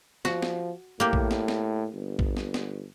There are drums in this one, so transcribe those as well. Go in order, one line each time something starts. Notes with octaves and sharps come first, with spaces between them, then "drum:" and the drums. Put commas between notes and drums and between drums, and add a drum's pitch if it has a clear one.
F3 F#4, drum: snare
drum: snare
A2 A#3 G4
drum: kick
drum: snare
drum: snare
G1
drum: kick
drum: snare
drum: snare